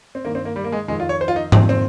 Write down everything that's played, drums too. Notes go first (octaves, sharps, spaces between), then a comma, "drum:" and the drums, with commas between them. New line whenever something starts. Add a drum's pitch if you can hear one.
C4
G2 D#3 A#3
C4
A#3
G3
A#3
G#3
F2 D#3 G#3
F4
C#5
C5
F4
D#4
F2 D#3 C4, drum: tom G#2
C4